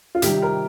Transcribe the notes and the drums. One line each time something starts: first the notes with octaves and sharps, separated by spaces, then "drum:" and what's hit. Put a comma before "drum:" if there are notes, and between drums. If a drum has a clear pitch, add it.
F4
C3 D#3 G3 G4, drum: hi-hat
A#4